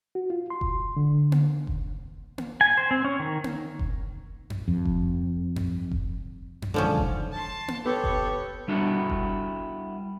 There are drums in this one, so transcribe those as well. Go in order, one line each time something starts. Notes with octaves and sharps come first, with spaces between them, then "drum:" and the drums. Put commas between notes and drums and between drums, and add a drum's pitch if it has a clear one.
F#4
F4
C6
drum: kick F1
D3
drum: tom A#3
drum: kick F1
drum: tom A#3
G#5
C5
C4
C#4
D#3
drum: tom A#3
drum: kick F1
drum: tom F2
F2
drum: kick F1
drum: tom F2
drum: kick F1
drum: tom F2
B1 D3 D#3 F3 G#3 C#4
drum: kick F1
A5 C6
drum: tom A#3
B3 G4 A4 C#5
drum: kick F1
G3 B3 D4 E4 F#4 A4
drum: kick F1